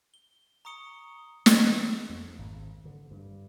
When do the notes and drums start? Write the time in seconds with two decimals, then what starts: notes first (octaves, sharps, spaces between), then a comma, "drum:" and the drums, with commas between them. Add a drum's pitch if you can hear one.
0.14 G7
0.65 A#5 C#6 D#6 C#7 G7
1.46 E3, drum: snare
2.09 F2
2.39 G#1
2.85 D3
3.11 G2